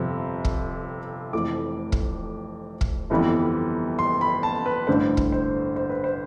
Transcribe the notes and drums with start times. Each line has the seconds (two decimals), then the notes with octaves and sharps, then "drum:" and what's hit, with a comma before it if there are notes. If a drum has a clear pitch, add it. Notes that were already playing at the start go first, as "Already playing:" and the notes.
Already playing: G1 F2 C3 F3
0.45 drum: kick
1.33 F1 F2 E3 A3 D6
1.92 drum: kick
2.81 drum: kick
3.10 G1 F2 E3 G3 B3
3.99 C6
4.21 B5
4.43 A5
4.66 B4
4.87 A1 G2 D3 A3 C5
5.17 drum: kick
5.32 C5
5.76 C5
5.89 B4
6.04 C5